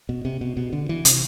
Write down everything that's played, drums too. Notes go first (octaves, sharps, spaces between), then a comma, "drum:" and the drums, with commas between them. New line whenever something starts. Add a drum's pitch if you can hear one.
B2
C3
B2
B2
D3
E3
C3, drum: hi-hat